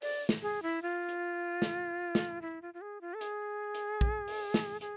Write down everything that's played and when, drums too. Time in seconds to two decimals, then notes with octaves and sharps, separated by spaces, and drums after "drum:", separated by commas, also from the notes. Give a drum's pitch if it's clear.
0.02 D5, drum: open hi-hat
0.29 drum: snare
0.42 G#4
0.62 E4
0.82 F4
1.09 drum: hi-hat
1.62 drum: snare
2.15 drum: snare
2.41 E4
2.62 F4
2.74 F4
2.81 G#4
3.01 F4
3.14 A4
3.21 G#4, drum: hi-hat
3.75 drum: hi-hat
4.01 drum: kick
4.28 drum: open hi-hat
4.54 drum: snare
4.81 G#4, drum: hi-hat